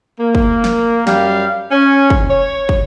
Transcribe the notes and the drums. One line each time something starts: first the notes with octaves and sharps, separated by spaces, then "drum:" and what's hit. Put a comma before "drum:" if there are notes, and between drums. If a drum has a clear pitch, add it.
A#3
drum: kick
drum: snare
F#2 G3 G4 F5, drum: snare
C#4
drum: kick
C#5
drum: kick